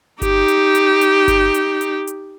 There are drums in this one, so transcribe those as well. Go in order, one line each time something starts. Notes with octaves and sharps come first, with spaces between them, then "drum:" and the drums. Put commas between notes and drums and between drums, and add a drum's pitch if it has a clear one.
D#4 G4, drum: kick G1, hi-hat
drum: hi-hat
drum: hi-hat
drum: hi-hat
drum: kick G1, hi-hat
drum: hi-hat
drum: hi-hat
drum: hi-hat